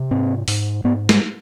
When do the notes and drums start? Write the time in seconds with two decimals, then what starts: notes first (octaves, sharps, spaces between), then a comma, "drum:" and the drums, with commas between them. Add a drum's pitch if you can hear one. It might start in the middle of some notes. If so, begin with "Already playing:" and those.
Already playing: C3
0.11 G#2 C4
0.48 G#2, drum: open hi-hat
0.84 G#2 B3
1.09 G#3, drum: snare